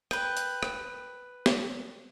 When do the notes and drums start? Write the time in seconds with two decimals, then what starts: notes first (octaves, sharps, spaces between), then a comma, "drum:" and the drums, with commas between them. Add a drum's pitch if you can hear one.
0.11 B4 G5, drum: rim click
0.37 drum: hi-hat
0.63 drum: rim click
1.46 drum: snare